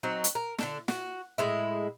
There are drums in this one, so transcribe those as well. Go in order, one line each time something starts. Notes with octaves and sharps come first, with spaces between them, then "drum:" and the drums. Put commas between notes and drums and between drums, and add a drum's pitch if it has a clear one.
F#3 C4 D#4
drum: hi-hat
A#4
D3 D4 A4, drum: snare
F#4, drum: snare
A2 G#3 E4